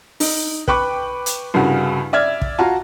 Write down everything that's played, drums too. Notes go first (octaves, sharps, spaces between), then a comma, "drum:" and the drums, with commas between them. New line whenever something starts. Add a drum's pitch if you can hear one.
D#4, drum: open hi-hat
B4 G5 B5 C#6 D6 F#6, drum: kick
drum: hi-hat
C2 G2 C#3 F#4
D5 E5 F6 G#6
drum: kick
F4 F#4 A5 A#5